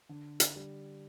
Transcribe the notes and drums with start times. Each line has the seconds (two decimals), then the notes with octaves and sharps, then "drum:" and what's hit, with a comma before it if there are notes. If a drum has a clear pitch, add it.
0.09 D3
0.40 drum: hi-hat
0.56 G3